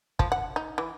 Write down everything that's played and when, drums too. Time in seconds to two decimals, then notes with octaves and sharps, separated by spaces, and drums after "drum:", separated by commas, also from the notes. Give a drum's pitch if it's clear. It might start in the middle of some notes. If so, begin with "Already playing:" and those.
0.19 F3, drum: kick
0.32 F#5
0.56 D#4
0.78 E3